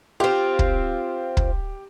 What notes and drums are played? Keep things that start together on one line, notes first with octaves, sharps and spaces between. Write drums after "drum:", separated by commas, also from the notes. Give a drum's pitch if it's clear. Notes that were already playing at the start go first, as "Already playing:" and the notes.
C4 F4 G4
drum: kick
drum: kick